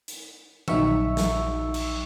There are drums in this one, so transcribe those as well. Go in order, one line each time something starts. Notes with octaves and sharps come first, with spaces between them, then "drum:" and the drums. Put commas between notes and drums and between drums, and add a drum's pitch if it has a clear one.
drum: hi-hat
A#1 F#3 D#4 E5 C#6 E6, drum: tom D3
drum: snare
drum: cymbal